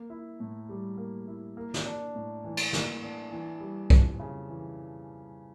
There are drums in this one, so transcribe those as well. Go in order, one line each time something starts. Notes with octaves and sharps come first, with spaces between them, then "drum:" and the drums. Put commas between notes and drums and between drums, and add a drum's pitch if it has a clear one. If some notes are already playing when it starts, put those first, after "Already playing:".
Already playing: A#3
E4
A2
G3
A#3
E4
A#3
drum: snare
D4
A2
E3
drum: cymbal
A#3, drum: snare
D4
E3
G3
F2, drum: kick
C#3
E3